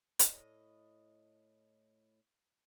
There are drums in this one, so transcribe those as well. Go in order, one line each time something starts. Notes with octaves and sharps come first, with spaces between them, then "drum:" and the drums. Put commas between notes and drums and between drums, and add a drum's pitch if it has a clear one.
A2 D#5, drum: hi-hat